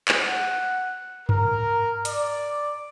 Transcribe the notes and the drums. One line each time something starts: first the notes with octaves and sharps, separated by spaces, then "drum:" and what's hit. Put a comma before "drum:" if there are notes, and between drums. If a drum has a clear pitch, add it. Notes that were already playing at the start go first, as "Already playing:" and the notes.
drum: clap
F#5
A#4, drum: tom G2
D5, drum: hi-hat